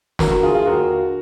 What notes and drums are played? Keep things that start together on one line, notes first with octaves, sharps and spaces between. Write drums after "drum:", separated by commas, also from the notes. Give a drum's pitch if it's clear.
D2 F#4 A#4, drum: snare
F#4 A#4
D3 F4 G#4
F4 G#4
D#2 F#4 A#4
D3